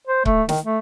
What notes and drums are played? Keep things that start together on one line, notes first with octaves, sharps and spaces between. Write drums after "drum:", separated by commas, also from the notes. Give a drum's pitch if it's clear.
C5
A3, drum: kick C#1
D#3, drum: snare
A3